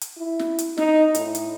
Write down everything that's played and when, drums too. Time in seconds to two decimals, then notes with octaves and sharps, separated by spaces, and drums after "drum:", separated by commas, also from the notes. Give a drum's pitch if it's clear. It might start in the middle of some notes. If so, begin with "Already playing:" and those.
0.01 drum: hi-hat
0.17 E4
0.39 drum: snare
0.58 drum: hi-hat
0.78 D#4, drum: snare
1.15 A2, drum: hi-hat
1.35 drum: hi-hat